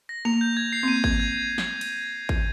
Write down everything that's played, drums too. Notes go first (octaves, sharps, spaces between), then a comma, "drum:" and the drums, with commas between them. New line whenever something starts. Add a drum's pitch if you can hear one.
A#6
A#3 F7
G6
G#6
C7
C4
A#3 D#7
G#6, drum: kick G#1
G#6
drum: snare
drum: cymbal
drum: kick G#1